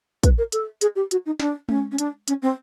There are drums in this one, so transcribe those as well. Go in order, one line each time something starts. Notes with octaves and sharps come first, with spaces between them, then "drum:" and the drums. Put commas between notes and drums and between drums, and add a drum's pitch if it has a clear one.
B4, drum: kick, hi-hat
A#4
A4, drum: hi-hat
G#4, drum: hi-hat
G4
F#4, drum: hi-hat
D#4
D4, drum: snare
C#4, drum: tom G#3
C#4
D4, drum: hi-hat
C#4, drum: hi-hat
C4